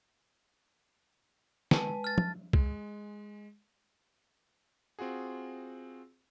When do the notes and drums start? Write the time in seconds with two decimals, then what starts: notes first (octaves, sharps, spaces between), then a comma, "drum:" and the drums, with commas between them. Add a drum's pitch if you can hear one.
1.71 G#3 B4 G#5 A5, drum: snare
2.04 F6 A6
2.18 drum: tom
2.53 G#3, drum: kick
4.99 C4 F4 F#4 G#4